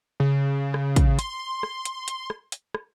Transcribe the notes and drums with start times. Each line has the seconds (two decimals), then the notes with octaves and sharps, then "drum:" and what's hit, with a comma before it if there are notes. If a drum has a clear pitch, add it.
0.20 C#3
0.74 drum: rim click
0.96 drum: kick, hi-hat
1.19 C6, drum: hi-hat
1.63 drum: rim click
1.85 drum: hi-hat
2.08 drum: hi-hat
2.30 drum: rim click
2.52 drum: hi-hat
2.74 drum: rim click